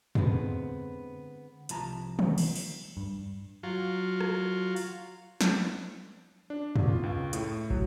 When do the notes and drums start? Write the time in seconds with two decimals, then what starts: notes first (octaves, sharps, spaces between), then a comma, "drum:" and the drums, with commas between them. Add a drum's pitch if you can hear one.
0.15 D3 G#3 B3 C4, drum: tom
1.69 C2 F3 A5 A#5, drum: hi-hat
2.19 drum: tom
2.38 drum: cymbal
2.56 drum: open hi-hat
2.97 G2
3.63 F#3 F4
4.21 drum: rim click
4.76 drum: open hi-hat
5.41 drum: snare
6.50 D4
6.76 G1, drum: tom
6.88 F4
7.03 C#2
7.33 A2, drum: hi-hat
7.70 F#3, drum: kick